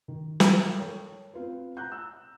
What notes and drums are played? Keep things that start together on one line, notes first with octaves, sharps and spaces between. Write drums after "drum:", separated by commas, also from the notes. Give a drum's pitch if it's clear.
D#3
drum: snare
A4 A#4 C#5 G5
C4 F4 B4
A#5 F#6 G6
E6